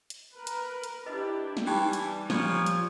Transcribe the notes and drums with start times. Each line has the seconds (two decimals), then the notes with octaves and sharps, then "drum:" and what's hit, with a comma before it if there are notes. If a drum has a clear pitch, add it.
0.10 drum: hi-hat
0.36 A#4 B4
0.47 drum: hi-hat
0.84 drum: hi-hat
1.06 D4 E4 G4 B4 D#5
1.57 drum: snare
1.67 E3 G3 D#4 G4 G5
1.93 drum: hi-hat
2.30 A#2 F3 C#5, drum: snare
2.66 drum: hi-hat